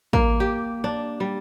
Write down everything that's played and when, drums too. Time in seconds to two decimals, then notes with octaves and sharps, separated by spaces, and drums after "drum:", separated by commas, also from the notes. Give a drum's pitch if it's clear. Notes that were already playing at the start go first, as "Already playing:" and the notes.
0.13 A#3, drum: kick
0.40 G4
0.84 D4
1.20 G3